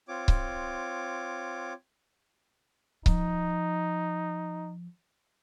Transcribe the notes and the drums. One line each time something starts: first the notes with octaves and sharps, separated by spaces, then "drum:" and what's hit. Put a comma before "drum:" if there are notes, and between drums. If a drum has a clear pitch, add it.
C4 F4 C#5 D6
drum: kick C#1
F3 D#4, drum: kick C#1